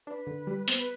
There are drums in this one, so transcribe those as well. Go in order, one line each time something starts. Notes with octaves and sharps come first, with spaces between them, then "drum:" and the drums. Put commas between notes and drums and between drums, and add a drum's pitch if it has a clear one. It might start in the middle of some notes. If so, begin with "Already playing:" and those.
D4 B4
D3
G3
B3 C5, drum: hi-hat
B4